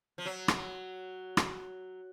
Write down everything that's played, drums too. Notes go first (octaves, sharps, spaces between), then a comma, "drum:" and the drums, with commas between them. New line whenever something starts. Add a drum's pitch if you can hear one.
F3
F#3
drum: rim click
drum: rim click